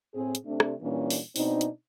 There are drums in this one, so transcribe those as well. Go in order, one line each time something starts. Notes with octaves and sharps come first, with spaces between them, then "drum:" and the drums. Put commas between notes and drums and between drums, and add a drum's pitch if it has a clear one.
A2 C4 G#4
drum: hi-hat
C3 A3 D4
drum: rim click
A#2 E3 G3 A#3 C#4 D4
drum: open hi-hat
B2 C4 D4 D#4, drum: open hi-hat
drum: hi-hat